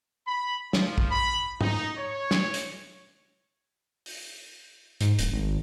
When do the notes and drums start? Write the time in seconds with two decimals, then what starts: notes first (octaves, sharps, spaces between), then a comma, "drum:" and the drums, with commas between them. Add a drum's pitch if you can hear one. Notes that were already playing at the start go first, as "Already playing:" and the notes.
0.27 B5
0.73 F3, drum: snare
0.98 drum: kick A#1
1.11 B5
1.61 D#4, drum: tom
1.97 C#5
2.31 drum: snare
2.54 drum: hi-hat
4.06 drum: open hi-hat
5.01 G#2, drum: hi-hat
5.19 D1, drum: hi-hat
5.32 G#1